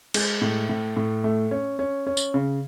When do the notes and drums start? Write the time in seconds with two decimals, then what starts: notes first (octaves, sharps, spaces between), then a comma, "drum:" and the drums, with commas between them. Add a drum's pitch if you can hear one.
0.14 G#3, drum: cymbal
0.41 A2
0.69 A2
0.96 A2
1.24 A3
1.51 C#4
1.79 C#4
2.07 C#4
2.17 drum: tambourine
2.34 C#3